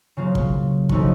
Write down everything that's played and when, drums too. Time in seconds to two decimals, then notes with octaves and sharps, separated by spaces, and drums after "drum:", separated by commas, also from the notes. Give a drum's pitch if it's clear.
0.17 C#3 F#3 A#3 F4
0.35 drum: kick
0.89 C#3 F3 A3 D#4 F#4, drum: kick